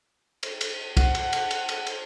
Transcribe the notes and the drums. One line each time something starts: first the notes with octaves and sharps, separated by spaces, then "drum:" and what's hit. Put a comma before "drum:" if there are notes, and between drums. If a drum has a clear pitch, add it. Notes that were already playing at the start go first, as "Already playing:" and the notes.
drum: cymbal
drum: cymbal
F#5, drum: kick, cymbal
drum: cymbal
drum: cymbal
drum: cymbal
drum: cymbal
drum: cymbal